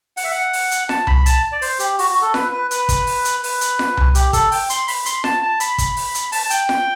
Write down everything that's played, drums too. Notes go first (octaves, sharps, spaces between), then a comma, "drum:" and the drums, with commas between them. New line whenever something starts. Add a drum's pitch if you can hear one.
F#5, drum: open hi-hat
E5
F#5
drum: open hi-hat
drum: hi-hat
A5, drum: snare F4
B5, drum: tom C2
A5, drum: hi-hat
D5
C5, drum: open hi-hat
G4, drum: hi-hat
F#4, drum: open hi-hat
F#4
A4
B4, drum: snare F4
B4
B4, drum: hi-hat
drum: kick, hi-hat
drum: open hi-hat
drum: hi-hat
B4, drum: open hi-hat
drum: hi-hat
drum: snare F4
drum: tom C2
G4, drum: hi-hat
A4, drum: kick, hi-hat
G5, drum: open hi-hat
C6, drum: hi-hat
B5, drum: open hi-hat
C6, drum: hi-hat
A5, drum: snare F4
A5
B5, drum: hi-hat
drum: kick, hi-hat
drum: open hi-hat
drum: hi-hat
A5, drum: open hi-hat
A5
G5, drum: hi-hat
drum: snare F4